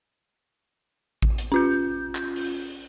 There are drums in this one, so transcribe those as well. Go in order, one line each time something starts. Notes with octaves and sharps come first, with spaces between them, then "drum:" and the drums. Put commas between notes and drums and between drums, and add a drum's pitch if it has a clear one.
drum: kick A1
drum: hi-hat
C#4 F4 G6
drum: clap
drum: open hi-hat